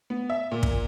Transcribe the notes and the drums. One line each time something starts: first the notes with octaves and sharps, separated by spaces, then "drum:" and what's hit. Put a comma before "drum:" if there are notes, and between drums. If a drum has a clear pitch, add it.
B3
E5
A#2
drum: kick